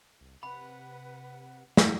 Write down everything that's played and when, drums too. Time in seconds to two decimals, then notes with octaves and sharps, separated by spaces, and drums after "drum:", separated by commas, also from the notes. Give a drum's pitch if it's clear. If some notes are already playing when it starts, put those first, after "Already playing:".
0.21 C2
0.43 C3 B4 F#5 B5
1.77 drum: snare